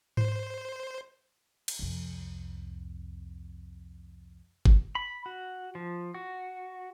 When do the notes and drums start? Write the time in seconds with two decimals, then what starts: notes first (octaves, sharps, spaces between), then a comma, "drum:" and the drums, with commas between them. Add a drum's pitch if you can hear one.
0.17 C5, drum: tom G#2
1.68 drum: cymbal
1.79 C2 F2
4.65 drum: kick F#1
4.95 B5
5.26 F#4
5.75 F3
6.14 F#4